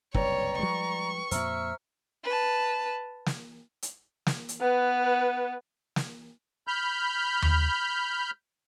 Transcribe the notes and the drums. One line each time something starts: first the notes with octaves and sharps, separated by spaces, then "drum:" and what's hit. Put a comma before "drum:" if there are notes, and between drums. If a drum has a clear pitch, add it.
F#1 C2 G2 B4 C#5 D5 G5 A#5, drum: kick
F3 G3 G#3 C#6
F2 A#2 C5 E5 A#5 E6 F6, drum: hi-hat
B4 A5
drum: snare
drum: hi-hat
drum: snare
drum: hi-hat
B3 B4
drum: snare
B5 F6 G6
drum: tom D#2